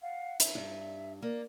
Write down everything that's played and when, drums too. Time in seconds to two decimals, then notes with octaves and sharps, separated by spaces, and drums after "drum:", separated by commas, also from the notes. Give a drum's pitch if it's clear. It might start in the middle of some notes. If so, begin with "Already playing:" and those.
0.02 F5 F#5
0.40 E5, drum: hi-hat
0.55 G2
1.22 A#3 D5